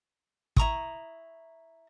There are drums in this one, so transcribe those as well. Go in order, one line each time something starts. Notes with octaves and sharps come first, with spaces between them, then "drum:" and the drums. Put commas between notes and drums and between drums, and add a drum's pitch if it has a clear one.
E4 A#5 C#6 D#6, drum: kick